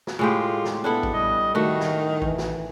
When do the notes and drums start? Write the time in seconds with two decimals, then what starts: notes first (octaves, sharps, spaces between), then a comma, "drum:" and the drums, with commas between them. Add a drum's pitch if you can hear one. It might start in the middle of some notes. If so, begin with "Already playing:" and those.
0.07 drum: snare
0.19 A2 G#3 F4 G4
0.65 drum: snare
0.84 B3 D4 E4 A4
1.03 drum: kick A1
1.14 G3 D#5
1.55 D#3 A3 F#4
1.80 drum: snare
2.22 E3, drum: kick A1
2.38 drum: snare